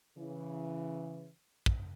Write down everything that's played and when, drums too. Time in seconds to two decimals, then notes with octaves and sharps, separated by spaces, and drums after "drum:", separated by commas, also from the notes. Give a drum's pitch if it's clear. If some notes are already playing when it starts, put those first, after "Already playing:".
0.18 C#3 E3
1.66 drum: kick